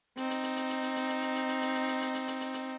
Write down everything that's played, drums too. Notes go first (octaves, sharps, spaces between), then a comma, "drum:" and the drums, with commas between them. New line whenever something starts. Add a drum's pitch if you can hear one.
C4 D#4, drum: hi-hat
drum: hi-hat
drum: hi-hat
drum: hi-hat
drum: hi-hat
drum: hi-hat
drum: hi-hat
drum: hi-hat
drum: hi-hat
drum: hi-hat
drum: hi-hat
drum: hi-hat
drum: hi-hat
drum: hi-hat
drum: hi-hat
drum: hi-hat
drum: hi-hat
drum: hi-hat
drum: hi-hat